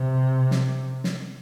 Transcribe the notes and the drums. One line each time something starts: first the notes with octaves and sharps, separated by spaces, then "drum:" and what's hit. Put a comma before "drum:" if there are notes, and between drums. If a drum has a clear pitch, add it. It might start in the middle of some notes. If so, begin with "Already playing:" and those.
Already playing: C3
drum: snare
drum: snare